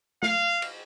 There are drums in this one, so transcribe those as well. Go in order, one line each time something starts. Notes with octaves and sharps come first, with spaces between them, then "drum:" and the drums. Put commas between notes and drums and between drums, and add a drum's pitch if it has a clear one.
F5, drum: snare
drum: cymbal